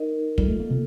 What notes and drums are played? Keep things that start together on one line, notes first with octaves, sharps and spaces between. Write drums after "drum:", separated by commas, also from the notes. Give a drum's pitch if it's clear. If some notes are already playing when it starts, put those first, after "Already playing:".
Already playing: D#4 A#4 D#5
G3 F4 A4 D#5, drum: kick
A3
A#3
C3